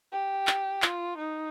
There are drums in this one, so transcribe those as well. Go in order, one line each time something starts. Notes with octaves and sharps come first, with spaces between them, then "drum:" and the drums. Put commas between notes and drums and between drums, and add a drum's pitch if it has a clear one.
G4
drum: clap
F4, drum: clap
D#4